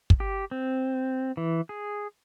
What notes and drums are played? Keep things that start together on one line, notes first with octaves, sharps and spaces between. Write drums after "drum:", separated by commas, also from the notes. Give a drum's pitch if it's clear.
drum: kick
G4
C4
E3
G#4